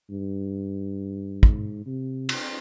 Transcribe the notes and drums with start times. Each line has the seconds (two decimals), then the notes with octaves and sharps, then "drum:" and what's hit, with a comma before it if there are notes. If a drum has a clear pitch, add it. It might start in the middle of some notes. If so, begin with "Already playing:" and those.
0.10 G2
1.43 G#2, drum: kick
1.86 C3
2.29 drum: cymbal